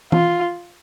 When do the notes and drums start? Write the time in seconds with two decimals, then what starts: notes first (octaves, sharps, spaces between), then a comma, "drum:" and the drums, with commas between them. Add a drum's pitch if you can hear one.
0.12 F4, drum: tom